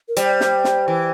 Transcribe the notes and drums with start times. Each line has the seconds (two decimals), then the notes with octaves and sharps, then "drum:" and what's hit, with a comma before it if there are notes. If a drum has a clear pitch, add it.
0.09 A#4
0.16 G3 C5, drum: hi-hat
0.41 drum: snare
0.64 drum: snare
0.88 E3